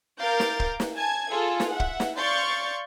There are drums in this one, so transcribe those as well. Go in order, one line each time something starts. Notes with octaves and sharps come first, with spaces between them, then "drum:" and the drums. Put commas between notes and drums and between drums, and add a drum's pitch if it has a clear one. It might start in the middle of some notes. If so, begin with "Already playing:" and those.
A#4 F5 D6 G6 A6
drum: snare
drum: kick
drum: snare
G#5 A5 G#6
F4 G#4 A4
drum: snare
E5 F#5
drum: kick
drum: snare
D5 F5 C6 C#6 G6 A6